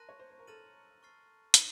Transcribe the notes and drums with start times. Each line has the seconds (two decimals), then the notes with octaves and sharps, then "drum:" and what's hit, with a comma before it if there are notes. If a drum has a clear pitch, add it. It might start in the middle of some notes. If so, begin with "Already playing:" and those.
Already playing: A#4 A5 C6 F#6 A#6 D#7
0.09 C#5
0.19 C5
0.31 C5
0.39 A#4
0.47 A4 A#5 F6 A6 D#7 F#7
1.03 C#6 F6 A6 C7
1.54 D#4, drum: hi-hat